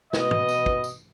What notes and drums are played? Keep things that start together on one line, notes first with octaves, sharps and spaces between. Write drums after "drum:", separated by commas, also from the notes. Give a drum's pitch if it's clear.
B2 B4 D#5, drum: snare
drum: tom
drum: tambourine
drum: kick
drum: tambourine